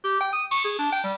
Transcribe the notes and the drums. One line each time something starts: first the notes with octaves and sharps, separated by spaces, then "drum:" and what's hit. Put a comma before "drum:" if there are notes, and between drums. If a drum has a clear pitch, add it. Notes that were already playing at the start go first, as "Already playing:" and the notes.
G4
G5
D#6
C#6, drum: cymbal
G#4
D4
G5
G3